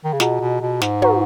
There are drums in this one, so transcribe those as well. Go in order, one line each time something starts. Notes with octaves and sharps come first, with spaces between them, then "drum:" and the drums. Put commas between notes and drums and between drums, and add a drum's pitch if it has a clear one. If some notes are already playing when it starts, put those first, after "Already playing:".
D#3
C#3
B2 F4 G#4 D#5 F#5 A#5, drum: snare
B2
B2
G#2, drum: snare
F#4 B4 F#5 A#5 C#6, drum: tom